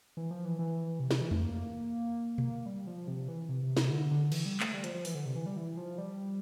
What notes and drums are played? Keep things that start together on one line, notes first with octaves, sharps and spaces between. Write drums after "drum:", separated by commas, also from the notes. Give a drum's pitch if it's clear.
E3
F3
E3
E3
C3
C3, drum: snare
E3
A3, drum: tom E2
A#3
drum: tom B2
G3
F3
C3
E3
C3
C3
C3, drum: snare
D3
D3
E3, drum: cymbal
G3
A3, drum: clap
G3
F3, drum: hi-hat
F3
E3, drum: open hi-hat
D3
C3
E3
G3
E3
F3
G3